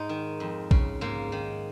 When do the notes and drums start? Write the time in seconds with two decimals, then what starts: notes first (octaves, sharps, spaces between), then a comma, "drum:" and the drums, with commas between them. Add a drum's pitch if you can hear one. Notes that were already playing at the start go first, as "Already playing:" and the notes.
Already playing: G#2 D#4
0.09 D#3
0.40 F2
0.71 C#3, drum: kick
1.01 G#2 A#3
1.32 D#3